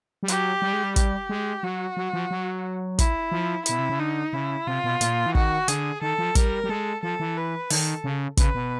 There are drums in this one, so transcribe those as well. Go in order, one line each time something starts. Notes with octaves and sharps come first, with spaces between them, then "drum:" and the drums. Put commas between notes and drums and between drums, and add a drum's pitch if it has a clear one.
G3
F#3 G4, drum: hi-hat
G3
G#3
G3
G4, drum: kick, hi-hat
G#3
F#3 F#4
F#3
F3
F#3
E4, drum: kick, hi-hat
F3
B2 E4, drum: hi-hat
C3
C#3
D3 D#4
C#3 E4
C3 F4
B2
A#2, drum: hi-hat
E3
D#3 F#4, drum: kick
D3 G#4, drum: hi-hat
D#3 A4
F3
G3 A#4, drum: kick, hi-hat
G3
G#3 A4
F3 A4
E3
B4
D#3 A4, drum: open hi-hat
C#3
C#3 B4, drum: kick, hi-hat
B2